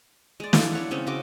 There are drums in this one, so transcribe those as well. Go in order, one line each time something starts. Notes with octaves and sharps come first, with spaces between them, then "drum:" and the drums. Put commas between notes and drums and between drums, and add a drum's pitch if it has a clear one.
G#3 D5
E4 A4 F5 G#5, drum: snare
D4 C#5 F#5
C#3 C4 C#4
C#3 F#4 D#5 D6